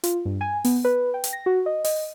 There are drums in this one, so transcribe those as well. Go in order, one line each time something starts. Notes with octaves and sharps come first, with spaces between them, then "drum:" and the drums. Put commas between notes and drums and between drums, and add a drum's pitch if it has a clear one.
F4, drum: hi-hat
G2
G#5
B3, drum: open hi-hat
B4
G5
drum: hi-hat
A#6
F#4
D#5
D#5, drum: open hi-hat